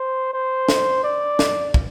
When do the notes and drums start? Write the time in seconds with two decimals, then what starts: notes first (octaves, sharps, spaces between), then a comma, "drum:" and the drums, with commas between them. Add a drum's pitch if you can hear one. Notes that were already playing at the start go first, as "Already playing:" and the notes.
Already playing: C5
0.33 C5
0.69 drum: snare
1.04 D5
1.39 drum: snare
1.74 drum: kick